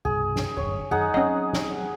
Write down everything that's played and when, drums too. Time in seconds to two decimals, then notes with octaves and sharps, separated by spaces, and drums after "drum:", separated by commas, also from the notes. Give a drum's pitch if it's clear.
0.05 C2 G2 B2 G#4
0.36 drum: snare
0.57 D1 G1 F#2 C#5
0.91 F#2 D#3 D#4 G#4 F#5
1.14 F#3 A#3 C4 C#4 D#5
1.53 drum: snare